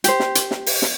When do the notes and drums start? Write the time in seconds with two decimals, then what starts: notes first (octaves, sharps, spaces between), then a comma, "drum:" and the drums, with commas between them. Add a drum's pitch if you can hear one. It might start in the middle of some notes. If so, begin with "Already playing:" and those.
0.04 G4 C5, drum: hi-hat
0.20 drum: snare
0.35 drum: hi-hat
0.51 drum: snare
0.66 drum: open hi-hat
0.82 drum: snare